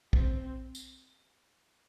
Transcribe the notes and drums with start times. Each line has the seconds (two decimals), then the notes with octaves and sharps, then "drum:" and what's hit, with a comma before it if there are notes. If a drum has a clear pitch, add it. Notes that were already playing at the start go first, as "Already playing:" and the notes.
0.13 C4, drum: kick
0.75 drum: tambourine